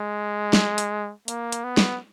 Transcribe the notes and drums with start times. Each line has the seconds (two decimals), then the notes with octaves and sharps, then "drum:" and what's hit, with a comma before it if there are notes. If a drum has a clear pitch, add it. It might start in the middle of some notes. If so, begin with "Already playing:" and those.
Already playing: G#3
0.53 drum: snare
0.78 drum: hi-hat
1.28 A#3, drum: hi-hat
1.52 drum: hi-hat
1.64 B3
1.77 drum: snare